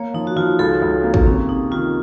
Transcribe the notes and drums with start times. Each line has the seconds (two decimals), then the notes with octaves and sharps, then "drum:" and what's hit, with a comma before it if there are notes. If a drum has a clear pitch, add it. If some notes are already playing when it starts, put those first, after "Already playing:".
Already playing: A#3 C#5
0.14 F3 D#4
0.27 F#4
0.36 F3 F4
0.59 C#2 A4
0.82 C#2
1.04 A#3
1.14 drum: kick
1.26 C3 C#4
1.49 C3 D#4
1.71 D#3 F4